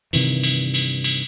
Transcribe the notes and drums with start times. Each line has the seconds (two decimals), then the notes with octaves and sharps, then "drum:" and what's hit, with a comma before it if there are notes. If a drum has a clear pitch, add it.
0.13 G2 C3 D#3 E3, drum: cymbal
0.43 drum: cymbal
0.74 drum: cymbal
1.04 drum: cymbal